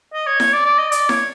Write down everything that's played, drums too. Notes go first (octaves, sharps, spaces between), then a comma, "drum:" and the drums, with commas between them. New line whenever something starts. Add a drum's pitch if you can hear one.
D#5
C#5
C#5, drum: snare E4
D5
D5
D#5
D5, drum: hi-hat
C#5, drum: snare E4